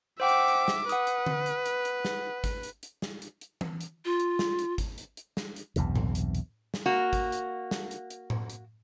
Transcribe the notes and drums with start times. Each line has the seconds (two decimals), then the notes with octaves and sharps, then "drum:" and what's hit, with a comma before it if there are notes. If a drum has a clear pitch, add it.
0.20 C5 E5 F#5 G5 D6
0.29 drum: hi-hat
0.48 drum: hi-hat
0.68 drum: snare
0.89 B4 F#5 D#6, drum: hi-hat
1.07 drum: hi-hat
1.26 drum: tom D3
1.46 drum: hi-hat
1.66 drum: hi-hat
1.85 drum: hi-hat
2.05 drum: snare
2.44 drum: kick G#1, hi-hat
2.63 drum: hi-hat
2.83 drum: hi-hat
3.02 drum: snare
3.22 drum: hi-hat
3.41 drum: hi-hat
3.61 drum: tom E3
3.81 drum: hi-hat
4.05 F4
4.20 drum: hi-hat
4.39 drum: snare
4.59 drum: hi-hat
4.78 drum: kick G#1, hi-hat
4.98 drum: hi-hat
5.17 drum: hi-hat
5.37 drum: snare
5.56 drum: hi-hat
5.76 B1 E2 G2 C3, drum: hi-hat
5.96 drum: tom A2
6.15 drum: hi-hat
6.35 drum: hi-hat
6.74 drum: snare
6.86 A#3 F#4
7.13 drum: kick G#1, hi-hat
7.32 drum: hi-hat
7.71 drum: snare
7.91 drum: hi-hat
8.10 drum: hi-hat
8.30 drum: tom A2
8.50 drum: hi-hat